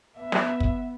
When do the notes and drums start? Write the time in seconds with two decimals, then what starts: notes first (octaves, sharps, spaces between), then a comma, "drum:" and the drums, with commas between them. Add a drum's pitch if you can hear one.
0.18 B3 E5
0.32 drum: snare
0.60 drum: kick